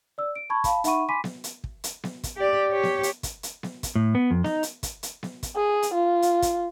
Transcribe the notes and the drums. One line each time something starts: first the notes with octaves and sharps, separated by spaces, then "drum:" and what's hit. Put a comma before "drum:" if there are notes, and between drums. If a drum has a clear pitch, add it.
D5 E6
D7
A5 B5 C#6 G#6
F5 A5 B5, drum: kick, hi-hat
D#4 E5 F#5 B5 C#6 D#7, drum: hi-hat
G#5 B5 C6 D6 B6 D#7
drum: snare B3
drum: hi-hat
drum: kick
drum: hi-hat
drum: snare B3
drum: kick, hi-hat
G4 D5
G4 C#5
drum: snare B3
drum: hi-hat
drum: kick, hi-hat
drum: hi-hat
drum: snare B3
drum: kick, hi-hat
A2
B3
F2
D#4, drum: snare B3
drum: hi-hat
drum: kick, hi-hat
drum: hi-hat
drum: snare B3
drum: kick, hi-hat
G#4
drum: hi-hat
F4
drum: hi-hat
drum: kick, hi-hat